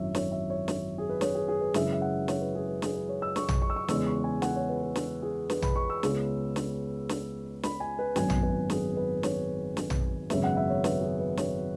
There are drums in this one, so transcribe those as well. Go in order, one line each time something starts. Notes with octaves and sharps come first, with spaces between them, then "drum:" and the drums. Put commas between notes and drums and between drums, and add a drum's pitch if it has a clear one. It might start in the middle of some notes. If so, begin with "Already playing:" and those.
Already playing: G#1 F#2 E3 C#5 E5
C#5, drum: snare
E5
C#5
drum: snare
G#4
B4
C#5, drum: snare
G#4
G#4
B4
F#2 C#3 E3 G#3 E5, drum: snare
E5
F#5
C#5, drum: snare
B4
G#4
B4
G#4, drum: snare
B4
C#5
E6
C#6, drum: snare
drum: tom A#1
C#6
E6
C#6
E2 C#3 G#3 B3 E6, drum: snare
C#6
G#5
F#5, drum: snare
C#5
B4
B4
drum: snare
G#4
B4, drum: snare
B5, drum: tom A#1
C#6
E6
C#2 C#3 G#3 B3, drum: snare
drum: snare
drum: snare
B5, drum: snare
G#5
B4
G#1 F#2 F#3 B3 G#5, drum: snare
drum: tom A#1
B4
G#4, drum: snare
B4
C#5, drum: snare
drum: snare
drum: tom A#1
G#1 F#2 C#3 G#3 B3 E5, drum: snare
F#5
E5
C#5
B4, drum: snare
G#4
B4
C#5, drum: snare